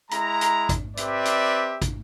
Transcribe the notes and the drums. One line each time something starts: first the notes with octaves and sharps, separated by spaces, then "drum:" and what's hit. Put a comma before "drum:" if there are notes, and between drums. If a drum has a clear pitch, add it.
G#3 E4 A#5, drum: hi-hat
drum: hi-hat
drum: kick, hi-hat
C4 G4 B4 D5 E5, drum: hi-hat
drum: hi-hat
drum: kick, hi-hat